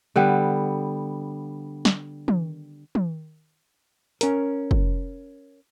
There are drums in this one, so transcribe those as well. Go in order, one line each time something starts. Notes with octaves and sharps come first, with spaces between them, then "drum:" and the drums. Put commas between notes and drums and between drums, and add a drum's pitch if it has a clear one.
D3 G3 B3
drum: snare
drum: tom
drum: tom
C#4 A#4, drum: hi-hat
drum: kick